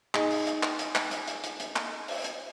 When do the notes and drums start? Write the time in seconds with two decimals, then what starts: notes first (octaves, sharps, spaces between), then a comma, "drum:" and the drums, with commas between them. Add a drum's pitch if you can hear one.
0.15 D#4 G#4, drum: clap
0.31 drum: open hi-hat
0.47 drum: hi-hat
0.63 drum: clap
0.79 drum: hi-hat
0.95 drum: clap
1.11 drum: hi-hat
1.28 drum: hi-hat
1.44 drum: hi-hat
1.60 drum: hi-hat
1.76 drum: clap
2.08 drum: open hi-hat
2.24 drum: hi-hat